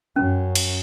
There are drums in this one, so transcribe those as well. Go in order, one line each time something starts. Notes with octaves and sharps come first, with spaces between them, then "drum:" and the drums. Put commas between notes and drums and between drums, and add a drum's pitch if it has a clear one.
F#2 C#4
drum: cymbal